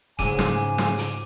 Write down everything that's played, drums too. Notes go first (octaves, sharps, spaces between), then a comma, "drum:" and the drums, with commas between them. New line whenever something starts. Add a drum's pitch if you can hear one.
G#2 C#3 G#5 D6 D#7, drum: kick D#1, hi-hat
drum: snare
drum: snare
drum: hi-hat